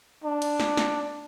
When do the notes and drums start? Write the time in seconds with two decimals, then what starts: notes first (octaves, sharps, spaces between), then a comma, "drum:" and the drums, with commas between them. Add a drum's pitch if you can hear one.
0.24 D4
0.42 drum: cymbal
0.60 drum: snare
0.77 drum: snare